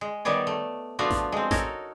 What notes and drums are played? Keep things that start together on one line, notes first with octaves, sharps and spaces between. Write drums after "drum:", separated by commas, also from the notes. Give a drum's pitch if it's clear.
G#3
D#3 G3 B3 C#5 D5
A3
F3 A3 B3 D4 F4 F#4
drum: snare A1
G#3 C4
D#4 F#4 A4 A#4 C#5, drum: snare A1